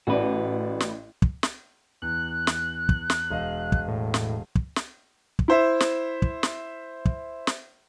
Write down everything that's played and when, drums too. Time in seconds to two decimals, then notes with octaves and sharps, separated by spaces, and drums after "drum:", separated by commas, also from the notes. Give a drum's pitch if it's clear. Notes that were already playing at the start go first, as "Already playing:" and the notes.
0.07 A1 F#4 B4 D5
0.80 drum: snare
1.22 drum: kick
1.43 drum: snare
2.02 E2 F#6
2.47 drum: snare
2.89 drum: kick
3.10 drum: snare
3.30 E1 D#5 F5
3.72 drum: kick
3.88 A2
4.14 drum: snare
4.55 drum: kick
4.76 drum: snare
5.39 drum: kick
5.48 E4 C5 E5
5.80 drum: snare
6.22 drum: kick
6.43 drum: snare
7.05 drum: kick
7.47 drum: snare